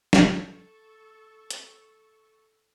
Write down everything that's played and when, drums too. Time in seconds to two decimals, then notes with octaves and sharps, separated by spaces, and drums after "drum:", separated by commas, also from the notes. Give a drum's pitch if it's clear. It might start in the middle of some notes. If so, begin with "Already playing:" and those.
0.13 A4 C#6, drum: snare
1.51 drum: hi-hat